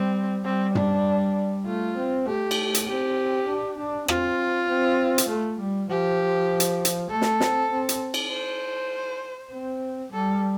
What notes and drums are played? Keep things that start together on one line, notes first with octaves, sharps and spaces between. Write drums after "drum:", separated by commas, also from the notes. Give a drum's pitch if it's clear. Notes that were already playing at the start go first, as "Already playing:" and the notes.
Already playing: G3 C4
G3 C4
D4, drum: tom
A3 F4
C4
A3 G4
drum: cymbal
drum: hi-hat
C4 G4
D4
D4
C4 F4, drum: rim click
C4
drum: hi-hat
A3
G3
F3 G4
drum: hi-hat
drum: hi-hat
A3 A4
drum: snare
C4, drum: snare
C4
drum: hi-hat
drum: cymbal
C5
C4
G3 A4